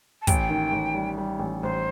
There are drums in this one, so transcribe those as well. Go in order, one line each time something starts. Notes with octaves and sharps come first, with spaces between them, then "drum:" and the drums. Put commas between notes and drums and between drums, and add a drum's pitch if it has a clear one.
A5
A1 G5, drum: kick, hi-hat
D#3
A1
G3
G3
A1
A1 C5